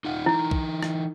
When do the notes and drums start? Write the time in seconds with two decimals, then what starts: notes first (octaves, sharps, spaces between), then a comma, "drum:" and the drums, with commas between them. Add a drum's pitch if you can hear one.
0.05 D#4 F4 F#5
0.26 E3 D#4 E4
0.51 drum: kick
0.83 drum: rim click